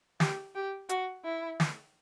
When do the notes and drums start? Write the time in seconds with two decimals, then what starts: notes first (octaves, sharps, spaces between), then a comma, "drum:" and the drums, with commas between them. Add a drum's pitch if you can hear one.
0.20 G4, drum: snare
0.55 G4
0.89 F#4, drum: hi-hat
1.24 E4
1.60 drum: snare